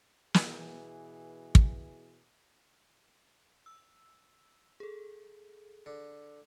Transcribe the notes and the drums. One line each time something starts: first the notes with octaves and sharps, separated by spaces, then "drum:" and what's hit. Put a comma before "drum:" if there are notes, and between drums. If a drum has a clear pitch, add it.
B2 E3 G#4, drum: snare
drum: kick
E6
G#4 A4
D3